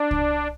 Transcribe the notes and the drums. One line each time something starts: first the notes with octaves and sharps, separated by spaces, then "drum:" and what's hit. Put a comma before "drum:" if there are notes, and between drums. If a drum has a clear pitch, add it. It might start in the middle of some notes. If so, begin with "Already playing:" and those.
Already playing: D4
drum: kick C2